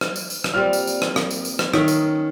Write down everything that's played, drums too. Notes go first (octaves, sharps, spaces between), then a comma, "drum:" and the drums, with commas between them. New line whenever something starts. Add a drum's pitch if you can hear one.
drum: rim click
drum: tambourine
drum: tambourine
drum: rim click
A#2 G3 C4 F6
drum: tambourine
drum: tambourine
drum: rim click
drum: rim click
drum: tambourine
drum: tambourine
drum: rim click
D#3 C#4 E5, drum: rim click
drum: tambourine